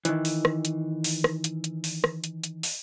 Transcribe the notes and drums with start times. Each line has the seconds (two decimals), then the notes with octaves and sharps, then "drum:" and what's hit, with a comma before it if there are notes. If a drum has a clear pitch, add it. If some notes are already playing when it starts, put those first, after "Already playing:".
0.05 D#3 E3, drum: hi-hat
0.25 drum: open hi-hat
0.45 drum: rim click
0.65 drum: hi-hat
1.04 drum: open hi-hat
1.24 drum: rim click
1.44 drum: hi-hat
1.64 drum: hi-hat
1.84 drum: open hi-hat
2.04 drum: rim click
2.24 drum: hi-hat
2.44 drum: hi-hat
2.63 drum: open hi-hat